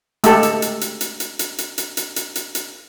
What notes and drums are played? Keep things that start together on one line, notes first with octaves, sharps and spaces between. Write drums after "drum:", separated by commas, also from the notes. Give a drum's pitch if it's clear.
G#3 A3 G4 A4, drum: hi-hat
drum: hi-hat
drum: hi-hat
drum: hi-hat
drum: hi-hat
drum: hi-hat
drum: hi-hat
drum: hi-hat
drum: hi-hat
drum: hi-hat
drum: hi-hat
drum: hi-hat
drum: hi-hat